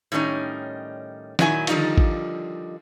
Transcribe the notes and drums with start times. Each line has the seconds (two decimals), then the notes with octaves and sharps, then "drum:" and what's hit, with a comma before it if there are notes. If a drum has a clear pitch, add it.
0.12 A2 D#3 G3 C#4 D#4
1.39 A#2 D#3 F#3 E4 B4 G#5, drum: snare
1.67 D3 D#3 F3 G3 D#4 F4, drum: cymbal
1.98 drum: kick A1